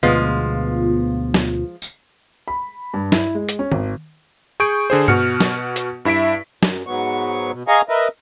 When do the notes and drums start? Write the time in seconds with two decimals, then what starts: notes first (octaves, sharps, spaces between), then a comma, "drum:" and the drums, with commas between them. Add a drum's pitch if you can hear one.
0.03 D2 B2 F3 G#3 B3 F4
1.34 drum: snare
1.82 drum: tambourine
2.48 B5
2.94 G2
3.12 E4, drum: snare
3.35 G#3
3.49 drum: hi-hat
3.59 C#4
3.72 G#1, drum: tom D#3
4.60 G#4 C#6 G6 D7
4.90 D3 G#4 C5
5.08 B2 F#4 F6 C#7, drum: tom G2
5.40 drum: snare
5.76 drum: hi-hat
6.05 G2 E4 E5 B6 D7
6.63 F#2, drum: snare
6.87 G#2 F#3 B3 C#6
7.52 B2
7.68 G#4 D#5 F5 G#5 A#5 C#6
7.89 A#4 B4 D#5 E5